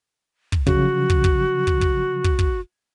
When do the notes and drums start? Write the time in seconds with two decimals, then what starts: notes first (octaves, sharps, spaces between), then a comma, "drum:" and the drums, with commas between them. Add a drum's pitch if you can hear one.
0.52 drum: kick
0.67 C#3 F3 F#3 F#4, drum: kick
1.10 drum: kick
1.24 drum: kick
1.67 drum: kick
1.81 drum: kick
2.24 drum: kick
2.39 drum: kick